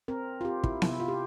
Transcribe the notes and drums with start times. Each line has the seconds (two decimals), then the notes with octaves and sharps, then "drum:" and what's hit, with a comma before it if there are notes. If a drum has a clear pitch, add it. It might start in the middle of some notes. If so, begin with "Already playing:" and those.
0.08 C4 A#4
0.41 F4
0.45 C4 G4
0.64 E4, drum: kick
0.82 C3 E4, drum: snare B3
1.00 F4
1.08 G4